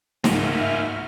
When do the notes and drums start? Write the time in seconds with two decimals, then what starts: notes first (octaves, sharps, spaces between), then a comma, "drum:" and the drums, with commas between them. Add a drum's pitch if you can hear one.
0.24 C#2 G#2 A#3 F#4 E5 F6, drum: snare